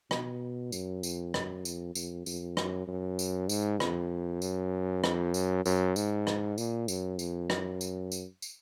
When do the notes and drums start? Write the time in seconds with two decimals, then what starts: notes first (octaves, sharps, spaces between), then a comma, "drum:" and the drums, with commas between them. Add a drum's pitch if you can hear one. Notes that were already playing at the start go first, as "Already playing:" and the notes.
0.11 B2, drum: rim click
0.72 F#2, drum: tambourine
1.03 F2, drum: tambourine
1.34 F#2, drum: rim click
1.65 F2, drum: tambourine
1.95 F2, drum: tambourine
2.26 F2, drum: tambourine
2.57 F#2, drum: rim click
2.88 F#2
3.19 drum: tambourine
3.49 G#2, drum: tambourine
3.80 F2, drum: rim click
4.42 F#2, drum: tambourine
5.04 F2, drum: rim click
5.34 F#2, drum: tambourine
5.66 F#2, drum: tambourine
5.96 G#2, drum: tambourine
6.27 drum: rim click
6.58 A#2, drum: tambourine
6.88 F#2, drum: tambourine
7.19 F2, drum: tambourine
7.50 F#2, drum: rim click
7.81 drum: tambourine
8.12 drum: tambourine
8.42 drum: tambourine